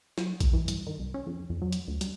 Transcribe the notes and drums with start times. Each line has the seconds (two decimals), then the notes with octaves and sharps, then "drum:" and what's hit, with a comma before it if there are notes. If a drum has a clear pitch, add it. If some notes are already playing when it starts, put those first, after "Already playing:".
0.18 F#3, drum: snare
0.40 G#1, drum: kick A#1, hi-hat
0.53 E3
0.68 G2, drum: hi-hat
0.86 D#3
0.99 C2
1.14 C#4
1.27 F2
1.50 F2
1.62 F#3
1.73 drum: hi-hat
1.88 D2
2.01 G3, drum: hi-hat